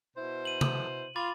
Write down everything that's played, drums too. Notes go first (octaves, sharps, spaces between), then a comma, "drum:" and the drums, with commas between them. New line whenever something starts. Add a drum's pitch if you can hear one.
B2 E4 C5
D#7 F#7
drum: tom C3
F4 B5 D6 A6